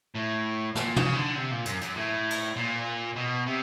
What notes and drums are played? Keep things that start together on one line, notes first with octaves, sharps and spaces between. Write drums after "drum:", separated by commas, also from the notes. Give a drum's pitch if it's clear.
A2
A#2, drum: snare
C#3, drum: tom
D3
C3
A#2
F#2, drum: hi-hat
F#2, drum: hi-hat
A2
drum: cymbal
A#2
B2
C3